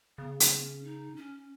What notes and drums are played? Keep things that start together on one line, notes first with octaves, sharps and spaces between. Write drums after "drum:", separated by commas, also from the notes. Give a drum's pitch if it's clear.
C#3 B3
B3, drum: hi-hat
C#4
D#4
C#4